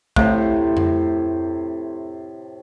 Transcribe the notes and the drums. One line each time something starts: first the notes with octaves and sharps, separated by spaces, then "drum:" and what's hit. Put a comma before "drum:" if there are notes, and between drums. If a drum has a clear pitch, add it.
A2 C3 A3, drum: kick A#1
drum: tom F2